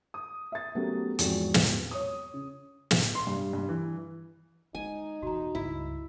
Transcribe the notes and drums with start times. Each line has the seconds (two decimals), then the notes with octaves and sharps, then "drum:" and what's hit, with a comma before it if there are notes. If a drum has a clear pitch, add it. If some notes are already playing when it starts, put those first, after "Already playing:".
0.14 D#6
0.52 E5 A6
0.75 F#3 A3 B3 C#4 G4 A#4
1.19 E2 G#2 F3 C4 F#4, drum: hi-hat
1.54 drum: snare
1.91 C#5 D#6
2.34 C#3
2.91 drum: snare
3.15 C6
3.27 G2
3.53 G2
3.69 E3
4.75 G#3 D#4 G#5
5.22 E2 B2 F#4 A#5
5.55 C#2 G2 E4